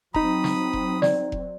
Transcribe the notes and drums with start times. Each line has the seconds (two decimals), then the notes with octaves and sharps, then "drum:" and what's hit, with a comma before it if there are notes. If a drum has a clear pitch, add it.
0.14 F#3 C4 D#4 A#5 B5 D#6, drum: kick F1
0.44 drum: snare
0.73 drum: kick F1
1.02 D5, drum: snare
1.32 drum: kick F1